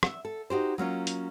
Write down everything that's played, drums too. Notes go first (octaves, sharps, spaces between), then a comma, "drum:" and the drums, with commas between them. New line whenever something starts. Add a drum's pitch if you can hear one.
E5 F#5, drum: rim click
A4
D#4 F#4 G4 C5
F#3 A#3 C#4 F4
drum: hi-hat